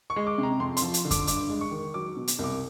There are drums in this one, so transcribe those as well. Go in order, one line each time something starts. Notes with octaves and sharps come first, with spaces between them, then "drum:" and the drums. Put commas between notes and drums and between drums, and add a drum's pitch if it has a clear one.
C#6
G#3
D6
C3
A#5
F2 C6
C6, drum: hi-hat
F3
drum: hi-hat
D3
D6, drum: kick F2, hi-hat
G2 D6, drum: hi-hat
G#3
C#6
D#3
F#3 D6
B2
drum: hi-hat
C2 D6